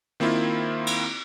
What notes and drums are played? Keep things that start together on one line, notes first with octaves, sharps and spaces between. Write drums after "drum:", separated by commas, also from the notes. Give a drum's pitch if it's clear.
D#3 A#3 C4 E4 F4
drum: cymbal